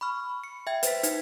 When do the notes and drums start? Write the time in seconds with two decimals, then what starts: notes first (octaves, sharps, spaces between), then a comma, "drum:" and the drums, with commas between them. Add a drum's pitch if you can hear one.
0.01 B5 C#6 F6
0.44 C#7
0.67 E5 G5 G#6
0.83 B4 C5 A6 B6, drum: hi-hat
1.03 D#4, drum: hi-hat